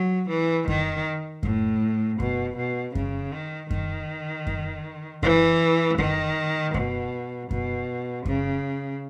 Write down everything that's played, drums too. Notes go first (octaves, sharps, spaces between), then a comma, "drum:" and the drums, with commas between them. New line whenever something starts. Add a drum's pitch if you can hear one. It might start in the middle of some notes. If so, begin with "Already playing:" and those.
Already playing: F#3
E3
D#3, drum: kick F#2
A2, drum: kick F#2
B2, drum: kick F#2
B2
C#3, drum: kick F#2
D#3
D#3, drum: kick F#2
drum: kick F#2
E3, drum: kick F#2
D#3, drum: kick F#2
B2, drum: kick F#2
B2, drum: kick F#2
C#3, drum: kick F#2